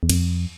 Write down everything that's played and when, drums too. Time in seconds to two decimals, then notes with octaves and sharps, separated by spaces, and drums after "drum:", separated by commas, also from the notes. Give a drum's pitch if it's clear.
0.03 E2
0.09 F2, drum: cymbal